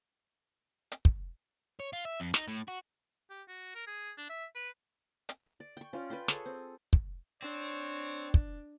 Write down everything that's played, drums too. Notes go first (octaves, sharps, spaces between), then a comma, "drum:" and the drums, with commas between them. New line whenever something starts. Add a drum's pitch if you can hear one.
drum: hi-hat
drum: kick
C#5
F4
E5
F2
D#4, drum: snare
A2
F#4
G4
F#4
A#4
G#4
D4
E5
B4
drum: hi-hat
D5
G5 C#6
C#4 F4 D5
B4 D5 G5 C6
G#4 A4 C#5 G#5, drum: snare
C4
drum: kick
C4 D4 C#5
drum: kick